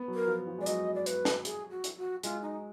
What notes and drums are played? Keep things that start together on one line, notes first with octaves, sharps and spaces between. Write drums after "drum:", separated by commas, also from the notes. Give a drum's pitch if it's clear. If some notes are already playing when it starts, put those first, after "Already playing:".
Already playing: B3
F#3
A#4
F3
F3
G#3 D5
F#3 D#5, drum: hi-hat
D5
B4, drum: hi-hat
drum: snare
G#4, drum: hi-hat
F#4
drum: hi-hat
F#4
G#3 F4, drum: hi-hat
D#4